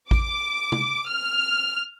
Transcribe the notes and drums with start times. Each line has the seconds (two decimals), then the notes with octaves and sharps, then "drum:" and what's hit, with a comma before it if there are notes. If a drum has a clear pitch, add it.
0.11 D6, drum: kick A1
0.72 drum: tom C3
1.09 F6